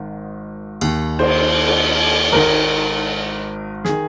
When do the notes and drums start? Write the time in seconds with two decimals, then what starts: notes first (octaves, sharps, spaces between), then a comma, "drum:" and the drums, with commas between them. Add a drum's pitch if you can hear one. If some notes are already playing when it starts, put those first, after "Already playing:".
Already playing: G#1 G#2 D#3
0.81 D#2 D#3, drum: cymbal
1.19 C5, drum: cymbal
1.67 drum: cymbal
2.32 G#1 G#2 D#3 A#4
3.85 D#3 G#4, drum: snare